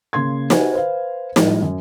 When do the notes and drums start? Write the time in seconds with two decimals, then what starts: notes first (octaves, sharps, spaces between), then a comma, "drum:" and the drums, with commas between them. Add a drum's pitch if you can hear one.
0.13 C#3 A#3 C6 G#6
0.50 F#4 G4 B4 C5 F#5 G#5, drum: snare
0.73 B4 C5 F5
1.36 A2 F3 G3 G#3, drum: snare
1.62 F#2